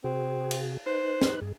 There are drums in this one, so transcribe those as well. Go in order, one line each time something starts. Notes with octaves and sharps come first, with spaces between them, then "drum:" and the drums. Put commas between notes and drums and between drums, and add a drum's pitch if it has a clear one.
C3 C4 F#4 G#4
drum: cymbal
D#4 B4 C5 F#6
drum: snare
G2 G#4